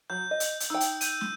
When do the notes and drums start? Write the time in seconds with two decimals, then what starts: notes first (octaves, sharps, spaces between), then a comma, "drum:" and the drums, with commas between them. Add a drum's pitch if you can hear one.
0.10 F#3 G6
0.31 D#5
0.40 drum: hi-hat
0.60 drum: hi-hat
0.70 D#4 G5 E6
0.81 drum: hi-hat
1.01 G6 D#7, drum: hi-hat
1.21 drum: snare